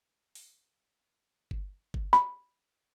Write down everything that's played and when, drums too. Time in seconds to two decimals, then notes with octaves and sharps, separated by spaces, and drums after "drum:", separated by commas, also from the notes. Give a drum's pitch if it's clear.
0.35 drum: open hi-hat
1.51 drum: kick G1
1.94 drum: kick G1
2.13 B5, drum: snare